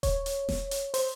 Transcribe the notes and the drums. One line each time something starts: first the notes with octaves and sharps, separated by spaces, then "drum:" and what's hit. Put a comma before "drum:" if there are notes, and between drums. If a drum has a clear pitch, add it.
C#5, drum: kick D#1, hi-hat
drum: hi-hat
drum: snare E1
drum: hi-hat
C5, drum: open hi-hat